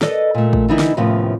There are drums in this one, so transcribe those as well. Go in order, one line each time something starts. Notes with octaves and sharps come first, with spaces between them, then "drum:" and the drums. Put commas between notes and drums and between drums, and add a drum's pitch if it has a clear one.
A4 B4 D5 D#5, drum: snare
A#2 A3
drum: kick
D3 E3 D#4 E4
drum: snare
D#2 A2 C3 F3 B3 C#4